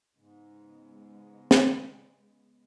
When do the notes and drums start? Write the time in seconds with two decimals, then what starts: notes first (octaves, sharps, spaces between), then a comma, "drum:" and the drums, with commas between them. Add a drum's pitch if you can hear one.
0.17 G#2 C#3 G#3 B3
1.51 drum: snare